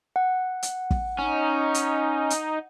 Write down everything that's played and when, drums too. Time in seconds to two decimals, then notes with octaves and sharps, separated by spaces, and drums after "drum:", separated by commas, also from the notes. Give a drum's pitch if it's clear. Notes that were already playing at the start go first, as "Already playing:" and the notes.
0.16 F#5
0.63 drum: hi-hat
0.91 drum: kick
1.19 C#4 D#4
1.74 drum: hi-hat
2.30 drum: hi-hat